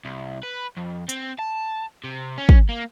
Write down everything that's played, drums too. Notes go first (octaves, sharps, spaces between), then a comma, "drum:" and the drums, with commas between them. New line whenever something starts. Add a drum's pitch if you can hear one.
C2
B4
F2
C4, drum: hi-hat
A5
C3
C#4
drum: kick
A#3